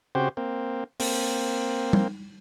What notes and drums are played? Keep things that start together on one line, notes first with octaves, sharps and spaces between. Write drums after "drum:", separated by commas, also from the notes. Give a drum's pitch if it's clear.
C#3 C4 F#4 G4 C5
A#3 C4
A#3 C4, drum: open hi-hat
drum: tom